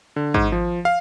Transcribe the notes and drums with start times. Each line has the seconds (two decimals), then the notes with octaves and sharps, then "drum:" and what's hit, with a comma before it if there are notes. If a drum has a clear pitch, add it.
0.16 D3
0.34 G#2, drum: kick G#1
0.52 F3
0.85 F5